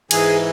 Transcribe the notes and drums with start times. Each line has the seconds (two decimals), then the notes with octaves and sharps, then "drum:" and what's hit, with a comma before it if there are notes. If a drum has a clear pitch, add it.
0.11 G#2 E3 G#4, drum: cymbal